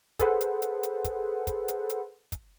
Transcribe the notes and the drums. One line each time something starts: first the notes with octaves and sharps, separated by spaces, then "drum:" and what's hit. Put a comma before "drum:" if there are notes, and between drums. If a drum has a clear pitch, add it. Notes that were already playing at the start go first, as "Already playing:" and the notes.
G#4 A4 B4 C5 F#5, drum: kick, hi-hat
drum: hi-hat
drum: hi-hat
drum: hi-hat
drum: kick, hi-hat
drum: kick, hi-hat
drum: hi-hat
drum: hi-hat
drum: kick, hi-hat